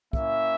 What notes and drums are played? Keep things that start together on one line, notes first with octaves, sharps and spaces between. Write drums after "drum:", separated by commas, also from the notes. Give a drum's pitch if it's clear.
A#3 C#4 E4 E5, drum: kick